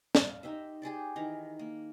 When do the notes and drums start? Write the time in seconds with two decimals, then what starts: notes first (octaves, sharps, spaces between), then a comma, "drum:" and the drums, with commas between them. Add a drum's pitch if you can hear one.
0.15 F5, drum: snare
0.43 D#4 G4 C5 E5
0.82 G4 G#4 C5 D5
1.16 D#3 E3 A#5
1.59 A#3